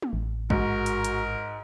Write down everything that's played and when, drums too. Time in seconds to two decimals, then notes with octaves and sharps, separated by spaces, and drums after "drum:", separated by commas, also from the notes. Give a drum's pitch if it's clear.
0.02 drum: tom
0.13 A1
0.50 G#2 F#4 A#4, drum: kick A1
0.86 drum: hi-hat
1.04 drum: hi-hat